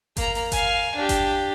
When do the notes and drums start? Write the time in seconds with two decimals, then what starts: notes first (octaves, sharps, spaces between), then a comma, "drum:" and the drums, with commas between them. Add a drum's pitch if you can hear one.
0.17 A#3 A#5, drum: kick G1, hi-hat
0.35 drum: open hi-hat
0.52 F5 G#5, drum: kick G1, hi-hat
0.96 D4 G4
1.09 drum: kick G1, hi-hat